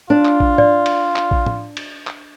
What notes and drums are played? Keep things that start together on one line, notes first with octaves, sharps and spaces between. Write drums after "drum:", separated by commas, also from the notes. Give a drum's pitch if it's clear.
D4 F4
drum: clap
drum: kick A#1
D5, drum: tom G#2
drum: cymbal
drum: clap
drum: kick A#1
drum: tom A2
drum: cymbal
drum: clap